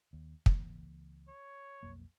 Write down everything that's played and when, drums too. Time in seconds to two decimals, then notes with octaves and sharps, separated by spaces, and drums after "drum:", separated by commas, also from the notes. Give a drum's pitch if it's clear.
0.13 D#2
0.46 C#2 E3 A#3, drum: kick
1.28 C#5
1.83 B1 F2 A#3